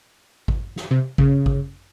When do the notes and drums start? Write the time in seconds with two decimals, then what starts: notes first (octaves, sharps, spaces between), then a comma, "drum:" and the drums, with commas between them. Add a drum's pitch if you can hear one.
0.48 drum: kick G#1
0.76 drum: snare
0.91 C3
1.18 C#3, drum: kick G#1
1.46 drum: kick G#1